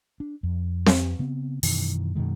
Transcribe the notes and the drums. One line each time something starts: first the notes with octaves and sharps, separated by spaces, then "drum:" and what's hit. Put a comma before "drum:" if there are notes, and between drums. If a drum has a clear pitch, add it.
D4
F2
drum: snare C4
C#3 B3 C4
F#2 B2 D#3 E3, drum: open hi-hat
F#2 B2 D#3 G#3